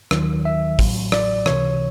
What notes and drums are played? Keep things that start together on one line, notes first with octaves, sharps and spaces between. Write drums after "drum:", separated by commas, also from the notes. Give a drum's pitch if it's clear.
D#2 D#3 F#3, drum: rim click
E5
A1 A2 F#3, drum: kick, open hi-hat
D5, drum: rim click
C#2 C3 E3 C#5, drum: rim click